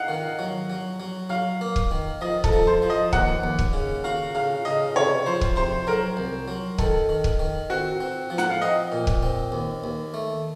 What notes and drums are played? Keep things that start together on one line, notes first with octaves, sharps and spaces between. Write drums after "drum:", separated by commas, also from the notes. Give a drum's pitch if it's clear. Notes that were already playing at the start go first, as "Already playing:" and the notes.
Already playing: D#5 F5 F#5
D#3
F#3
F#3
F#3
F#3 F5
A#3
drum: kick C#1
D#3
F3 D#5
A4, drum: kick C#1
F3
C5
F3
D#5
D#2 F#5, drum: kick C#1
D#2
drum: kick C#1
C#3
F#4 F5
C#3 F5
C#3 D#5
C3 C#5
F3 C5
drum: kick C#1
C3 C5
F#3 A#4
C2
F#3
D#3 A4, drum: kick C#1
D#3
drum: kick C#1
D#3
C4 F#4
C4
F3
F#5, drum: snare
F5
C4 D#5
A#2
drum: kick C#1
C4
D#2
D#2
A3